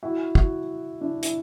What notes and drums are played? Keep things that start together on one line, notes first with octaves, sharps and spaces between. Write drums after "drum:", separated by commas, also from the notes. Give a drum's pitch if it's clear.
E4 F#4
E4 F#4, drum: kick
D4 E4
E4, drum: hi-hat